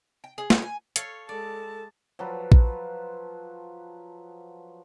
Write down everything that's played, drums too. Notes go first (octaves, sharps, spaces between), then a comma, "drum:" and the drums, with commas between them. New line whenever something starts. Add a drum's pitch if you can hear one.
G5
G#4
drum: snare
G#5
A4 C#5 F5, drum: hi-hat
G#3 A4 D5 A5
F3 F#3 B4
drum: kick A#1